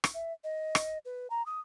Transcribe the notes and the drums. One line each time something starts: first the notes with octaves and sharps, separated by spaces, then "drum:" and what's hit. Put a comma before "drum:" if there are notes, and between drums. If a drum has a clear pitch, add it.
drum: rim click
E5
D#5
drum: rim click
B4
A#5
D#6